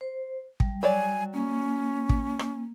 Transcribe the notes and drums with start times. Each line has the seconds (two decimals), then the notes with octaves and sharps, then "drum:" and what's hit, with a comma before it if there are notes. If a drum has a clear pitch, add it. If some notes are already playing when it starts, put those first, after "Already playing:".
0.01 C5
0.60 G3, drum: kick
0.83 F#3 C#5 D5 G#5
1.34 A#3 C#4
2.09 drum: kick
2.39 drum: rim click